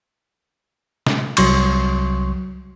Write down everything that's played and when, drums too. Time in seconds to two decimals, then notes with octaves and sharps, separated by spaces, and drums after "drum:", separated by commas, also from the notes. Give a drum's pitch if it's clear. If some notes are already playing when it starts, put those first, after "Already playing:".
1.07 drum: snare
1.37 C2 F#3 C6 C#6, drum: cymbal